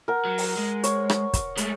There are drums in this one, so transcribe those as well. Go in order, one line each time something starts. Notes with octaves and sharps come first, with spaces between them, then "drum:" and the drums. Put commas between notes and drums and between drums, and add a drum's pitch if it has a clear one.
A#4 F#5
F#3
drum: open hi-hat
G#3
C#5, drum: hi-hat
drum: rim click
drum: kick, hi-hat
G#3 A3, drum: hi-hat